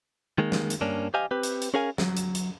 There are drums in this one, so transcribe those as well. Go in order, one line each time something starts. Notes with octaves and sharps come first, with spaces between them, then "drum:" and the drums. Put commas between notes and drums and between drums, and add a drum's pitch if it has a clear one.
D#3 G#3 A#3
drum: snare
drum: hi-hat
G2 A#3 C#4 D4
G4 C5 D#5 F5 G#5
C4 G4 B4
drum: hi-hat
drum: hi-hat
C#4 G#4 A#4 F5 G#5
F#3, drum: snare
drum: hi-hat
drum: hi-hat